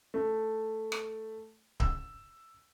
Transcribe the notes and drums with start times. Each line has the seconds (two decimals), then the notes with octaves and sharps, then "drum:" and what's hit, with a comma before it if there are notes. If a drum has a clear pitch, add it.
0.14 A3
0.92 drum: rim click
1.80 E6, drum: kick D1